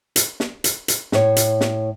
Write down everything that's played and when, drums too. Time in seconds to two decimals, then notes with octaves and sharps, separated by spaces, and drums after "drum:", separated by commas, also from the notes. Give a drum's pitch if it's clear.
0.16 drum: hi-hat
0.40 drum: snare
0.64 drum: hi-hat
0.88 drum: hi-hat
1.12 A2 C#5, drum: snare
1.36 drum: hi-hat
1.61 drum: snare